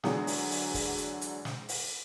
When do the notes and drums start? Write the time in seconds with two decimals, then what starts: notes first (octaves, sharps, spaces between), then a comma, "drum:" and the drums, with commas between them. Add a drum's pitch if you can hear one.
0.04 D3 E3 F#3 G#3 F#5 D#6, drum: snare
0.27 drum: open hi-hat
0.51 drum: open hi-hat
0.74 drum: kick, open hi-hat
0.98 drum: hi-hat
1.21 drum: hi-hat
1.45 drum: snare
1.69 drum: open hi-hat